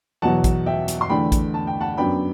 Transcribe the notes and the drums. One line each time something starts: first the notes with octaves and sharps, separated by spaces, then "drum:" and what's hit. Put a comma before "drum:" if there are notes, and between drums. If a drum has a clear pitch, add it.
E2 B2 F#3 F#5 A5
drum: kick A1, hi-hat
E5 G5
drum: hi-hat
C6
E2 D3 A3 D4 G5 B5
drum: kick A1, hi-hat
A5
G5
F#5 A5
F#2 F#3 B3 D4 G5 B5